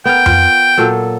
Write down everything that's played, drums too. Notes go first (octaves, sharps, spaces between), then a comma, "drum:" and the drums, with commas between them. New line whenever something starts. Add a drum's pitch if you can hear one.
B3 A#4 G5
F4, drum: tom F2
A#2 F#3 A4